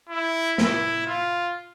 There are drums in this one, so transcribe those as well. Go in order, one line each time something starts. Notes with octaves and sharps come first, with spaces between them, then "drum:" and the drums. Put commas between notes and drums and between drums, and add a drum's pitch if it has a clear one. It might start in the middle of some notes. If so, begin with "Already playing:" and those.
E4
E4, drum: snare
F4